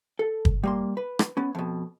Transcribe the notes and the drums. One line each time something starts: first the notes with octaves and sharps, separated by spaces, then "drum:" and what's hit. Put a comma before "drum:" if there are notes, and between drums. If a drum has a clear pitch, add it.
A4
drum: kick
G3 A#3 C6
B4
drum: rim click
B3 C#4
F2 B2